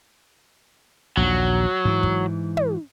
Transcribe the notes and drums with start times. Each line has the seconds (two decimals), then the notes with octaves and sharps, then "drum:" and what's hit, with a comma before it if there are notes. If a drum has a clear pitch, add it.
1.17 A#1 D#2 F#3
1.85 G#2 E3
2.03 drum: kick
2.57 drum: tom